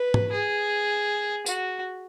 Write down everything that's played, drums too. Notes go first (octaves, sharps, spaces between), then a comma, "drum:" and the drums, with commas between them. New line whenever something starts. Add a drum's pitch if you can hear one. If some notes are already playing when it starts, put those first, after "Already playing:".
Already playing: B4
drum: tom G#2
G#4
F#4, drum: tambourine